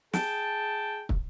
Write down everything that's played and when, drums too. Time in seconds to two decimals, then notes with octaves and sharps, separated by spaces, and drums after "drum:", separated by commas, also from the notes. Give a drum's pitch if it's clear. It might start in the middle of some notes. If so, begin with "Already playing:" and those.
0.13 G#4 G5 A5, drum: snare
1.09 drum: kick